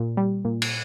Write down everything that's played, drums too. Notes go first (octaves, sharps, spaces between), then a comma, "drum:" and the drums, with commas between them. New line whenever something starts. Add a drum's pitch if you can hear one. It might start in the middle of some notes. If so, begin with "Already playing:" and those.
Already playing: A#2
G3
A#2
drum: cymbal